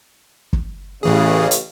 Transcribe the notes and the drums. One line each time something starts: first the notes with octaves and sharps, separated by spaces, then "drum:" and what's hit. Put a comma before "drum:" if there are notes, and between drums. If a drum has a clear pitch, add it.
drum: kick
A1 A2 C#3 E3 G#4
drum: hi-hat